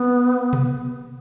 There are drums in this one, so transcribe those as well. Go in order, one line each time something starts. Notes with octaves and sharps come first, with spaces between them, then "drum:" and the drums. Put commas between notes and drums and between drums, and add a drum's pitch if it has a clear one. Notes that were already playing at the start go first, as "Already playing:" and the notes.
Already playing: B3
drum: tom B2